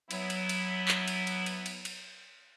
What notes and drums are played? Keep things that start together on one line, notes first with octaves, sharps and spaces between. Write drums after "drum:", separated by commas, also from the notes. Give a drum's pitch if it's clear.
F#3 B3 E4, drum: cymbal
drum: cymbal
drum: cymbal
drum: clap
drum: cymbal
drum: cymbal
drum: cymbal
drum: cymbal
drum: cymbal